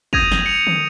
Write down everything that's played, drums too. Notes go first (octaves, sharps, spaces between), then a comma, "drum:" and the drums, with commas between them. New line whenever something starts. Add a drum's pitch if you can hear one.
D#6 G6 G#6 A#6 D#7 F7, drum: kick
drum: snare
C#7 F7
drum: tom